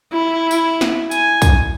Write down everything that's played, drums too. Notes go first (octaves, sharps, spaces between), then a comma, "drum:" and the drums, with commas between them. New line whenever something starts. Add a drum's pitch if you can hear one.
E4
drum: tambourine
drum: snare
G#5, drum: tambourine
drum: kick, tambourine